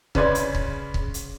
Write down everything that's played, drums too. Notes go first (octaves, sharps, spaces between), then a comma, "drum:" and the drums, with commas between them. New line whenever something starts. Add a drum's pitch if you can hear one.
C#3 C#4 B4 D5 C6 G#6, drum: kick C#1
drum: hi-hat
drum: kick C#1
drum: kick C#1
drum: hi-hat